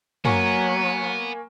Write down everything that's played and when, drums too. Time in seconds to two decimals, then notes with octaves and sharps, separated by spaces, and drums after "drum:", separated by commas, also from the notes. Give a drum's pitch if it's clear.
0.25 F#3 A#3 B3 G#5 C#6, drum: tom